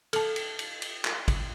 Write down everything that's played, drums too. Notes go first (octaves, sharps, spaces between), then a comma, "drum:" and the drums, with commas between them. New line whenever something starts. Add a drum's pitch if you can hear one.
A4 A5, drum: cymbal
drum: cymbal
drum: cymbal
drum: cymbal
drum: clap
drum: kick, cymbal